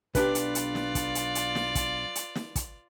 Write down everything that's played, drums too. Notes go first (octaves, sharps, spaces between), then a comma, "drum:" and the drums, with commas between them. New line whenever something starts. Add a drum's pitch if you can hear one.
B1 D4 F4 G4 B4 D5, drum: kick, hi-hat
drum: hi-hat
drum: hi-hat
drum: snare
drum: kick, hi-hat
drum: hi-hat
drum: hi-hat
drum: snare
drum: kick, hi-hat
drum: hi-hat
drum: snare
drum: kick, hi-hat